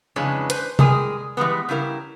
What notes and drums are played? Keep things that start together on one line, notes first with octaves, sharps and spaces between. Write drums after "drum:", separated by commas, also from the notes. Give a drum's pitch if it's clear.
F2 C#3 E3 G#3 C#4 D4
B4 C5, drum: hi-hat
G3 G#3 G#4 A#4, drum: tom C3
E3 G3 G#3 B3
C#3 G3 E4 A#4